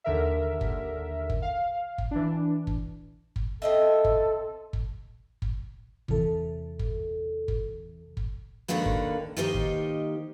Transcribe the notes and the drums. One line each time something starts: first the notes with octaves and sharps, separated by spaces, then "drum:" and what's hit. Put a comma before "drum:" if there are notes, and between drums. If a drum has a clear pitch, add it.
D#2 D3 A#4 E5
drum: kick
drum: kick
F5
drum: kick
E3 D4
drum: kick
drum: kick
C4 A4 D#5 E5
drum: kick
drum: kick
drum: kick
E2 C3 E3 A4, drum: kick
drum: kick
drum: kick
drum: kick
D#2 D3 D#3 A#3 B4
drum: kick
D#3 A#3 D#4 G4 C5 D#5
drum: kick